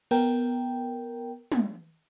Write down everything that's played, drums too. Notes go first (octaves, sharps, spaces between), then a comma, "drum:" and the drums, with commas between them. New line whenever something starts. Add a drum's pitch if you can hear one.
B3 A#4 G5, drum: cymbal
drum: tom